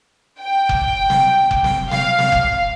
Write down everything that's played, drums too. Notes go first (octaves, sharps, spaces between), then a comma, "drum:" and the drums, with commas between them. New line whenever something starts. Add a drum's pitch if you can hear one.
G5
drum: kick F1
drum: snare
drum: kick F1
drum: snare
F5, drum: snare
drum: snare
drum: kick F1